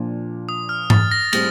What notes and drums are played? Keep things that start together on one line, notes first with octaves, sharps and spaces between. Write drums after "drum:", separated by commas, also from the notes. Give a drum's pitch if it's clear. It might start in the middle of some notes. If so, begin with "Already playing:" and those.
Already playing: A#2 F3 A#3 D4 F4
D#6
F6
A6, drum: tom G#2
A#6
A2 G3 C4 A#6, drum: cymbal